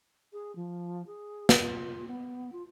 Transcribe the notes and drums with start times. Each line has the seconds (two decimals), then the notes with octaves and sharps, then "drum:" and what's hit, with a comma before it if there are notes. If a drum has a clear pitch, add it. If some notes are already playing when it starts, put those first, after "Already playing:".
0.33 G#4
0.56 F3
1.07 G#4
1.49 drum: snare
1.58 F4
2.08 B3
2.52 F4